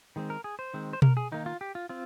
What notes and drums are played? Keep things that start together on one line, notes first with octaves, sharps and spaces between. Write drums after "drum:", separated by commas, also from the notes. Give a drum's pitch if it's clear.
D#3 G#3 C4
A#4
G#4
C5
D#3 G#3 C4
C5
A#4, drum: tom B2
G#4
D#3 A#3 D#4
F4
G4
F4
C4 F4